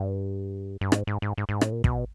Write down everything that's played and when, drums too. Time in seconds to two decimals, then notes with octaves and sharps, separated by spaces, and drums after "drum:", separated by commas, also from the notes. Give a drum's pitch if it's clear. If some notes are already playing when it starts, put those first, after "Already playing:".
Already playing: G2
0.81 G2
0.92 G#2, drum: rim click
1.07 G#2
1.22 G#2
1.38 G#2
1.49 G#2
1.61 A2, drum: rim click
1.72 A#2
1.84 B2, drum: kick